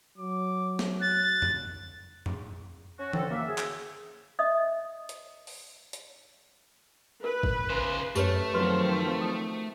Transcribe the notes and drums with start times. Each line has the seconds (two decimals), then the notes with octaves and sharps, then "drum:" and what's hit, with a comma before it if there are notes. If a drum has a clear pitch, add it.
0.18 F#3 D6
0.79 drum: snare
1.01 F#6 A6
1.42 drum: tom F2
2.26 drum: tom F2
2.99 C#4 F#4
3.13 D3 C4 A4, drum: tom E3
3.30 F#2 A#3 E5
3.47 G#4
3.58 drum: clap
4.39 D#5 E5 D#6
5.09 drum: hi-hat
5.47 drum: open hi-hat
5.93 drum: hi-hat
7.24 A#4 B4
7.43 drum: kick G#1
7.70 C#3 C5
8.16 F#2 A3 G4 B4 C#5, drum: tambourine
8.54 D#3 F3 F#3 C4 B4 C6
9.21 D#6